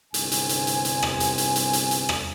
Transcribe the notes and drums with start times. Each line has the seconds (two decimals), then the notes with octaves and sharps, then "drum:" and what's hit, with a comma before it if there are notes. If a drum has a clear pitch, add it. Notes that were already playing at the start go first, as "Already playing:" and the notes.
0.14 G1 C2 D3 C4 G#5, drum: hi-hat
0.32 drum: hi-hat
0.49 drum: hi-hat
0.67 drum: hi-hat
0.85 drum: hi-hat
1.02 drum: rim click
1.20 drum: hi-hat
1.38 drum: hi-hat
1.56 drum: hi-hat
1.73 drum: hi-hat
1.91 drum: hi-hat
2.09 drum: rim click